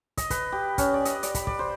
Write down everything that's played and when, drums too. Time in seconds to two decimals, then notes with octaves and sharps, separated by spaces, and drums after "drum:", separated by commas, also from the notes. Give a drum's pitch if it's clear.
0.17 D#5, drum: kick, hi-hat
0.30 B4, drum: kick, hi-hat
0.52 G4
0.78 C#4, drum: kick, hi-hat
0.94 D5
1.05 D#5, drum: hi-hat
1.23 D5, drum: hi-hat
1.35 B5, drum: kick, hi-hat
1.47 D5, drum: kick
1.59 C5